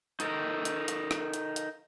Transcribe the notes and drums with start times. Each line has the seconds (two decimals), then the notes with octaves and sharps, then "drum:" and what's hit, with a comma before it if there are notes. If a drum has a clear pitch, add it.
0.20 D#4 A4 A#4, drum: hi-hat
0.65 drum: hi-hat
0.88 drum: hi-hat
1.11 drum: rim click
1.34 drum: hi-hat
1.56 drum: hi-hat